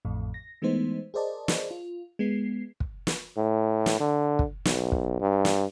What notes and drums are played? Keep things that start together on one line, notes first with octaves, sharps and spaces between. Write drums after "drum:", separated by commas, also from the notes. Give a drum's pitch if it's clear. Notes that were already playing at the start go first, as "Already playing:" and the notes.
A1 F2 A2
A#6
E3 G#3 A3 B3 D#4 C5
G#4 A#4 C5 D5 D#5 A5
drum: snare
F4
G#3 B3 C7
drum: kick
drum: snare
A2
drum: snare
D3
drum: kick
B1, drum: snare
drum: kick
G2
drum: snare